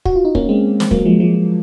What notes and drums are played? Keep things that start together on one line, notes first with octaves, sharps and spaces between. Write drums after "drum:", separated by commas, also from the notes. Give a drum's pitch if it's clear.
F#4, drum: kick
F4
D#4
A#3 C#4, drum: kick
G#3 C4
C4, drum: snare
F#3 A#3, drum: kick
F3 G#3
F3 G#3